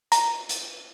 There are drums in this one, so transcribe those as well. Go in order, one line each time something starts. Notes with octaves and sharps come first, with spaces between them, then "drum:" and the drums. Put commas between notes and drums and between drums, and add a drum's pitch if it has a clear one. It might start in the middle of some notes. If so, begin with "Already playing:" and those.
A#5, drum: hi-hat
drum: hi-hat